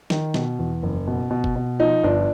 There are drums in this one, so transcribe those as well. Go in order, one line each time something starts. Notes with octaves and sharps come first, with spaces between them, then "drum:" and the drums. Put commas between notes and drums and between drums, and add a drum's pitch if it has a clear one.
D#3, drum: snare
B2, drum: snare
E2
F#1
B2
B2
drum: kick
B2
F3 D#4
G1 D4